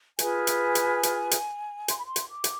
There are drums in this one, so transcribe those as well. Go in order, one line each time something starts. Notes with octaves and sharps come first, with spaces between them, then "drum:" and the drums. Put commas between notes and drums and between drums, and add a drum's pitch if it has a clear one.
F4 G#4 B4 G#5, drum: hi-hat
drum: hi-hat
drum: hi-hat
drum: hi-hat
drum: hi-hat
C6, drum: hi-hat
B5
C6
drum: hi-hat
D6
drum: hi-hat